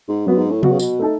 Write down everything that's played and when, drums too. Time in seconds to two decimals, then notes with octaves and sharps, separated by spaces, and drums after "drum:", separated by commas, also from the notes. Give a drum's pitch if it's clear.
0.08 G#2
0.26 F#2 F#3 B3 F#4
0.38 G#2
0.51 A2
0.63 B2 F#3 B3 F#4, drum: tom C3
0.71 C#3
0.79 B2, drum: tambourine
0.99 A3 D#4 A4